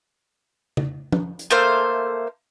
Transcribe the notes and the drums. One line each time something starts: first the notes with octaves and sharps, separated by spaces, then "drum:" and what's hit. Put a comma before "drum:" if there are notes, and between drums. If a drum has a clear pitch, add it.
drum: tom C#3
drum: tom
drum: hi-hat
A3 A#3 C5 F5